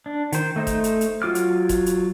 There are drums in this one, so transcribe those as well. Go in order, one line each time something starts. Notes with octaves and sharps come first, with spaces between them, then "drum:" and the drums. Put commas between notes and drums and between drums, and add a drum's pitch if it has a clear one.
D4
D#3 C5, drum: hi-hat
A3 D#4 C5
drum: kick E1, hi-hat
drum: hi-hat
drum: hi-hat
F#3 F4 D6 F6
drum: hi-hat
drum: kick E1, hi-hat
drum: hi-hat